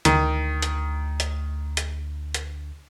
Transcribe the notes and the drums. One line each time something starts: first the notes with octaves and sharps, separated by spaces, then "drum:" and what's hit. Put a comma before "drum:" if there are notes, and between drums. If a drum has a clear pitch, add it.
D2 D#3, drum: hi-hat
drum: hi-hat
drum: hi-hat
drum: hi-hat
drum: hi-hat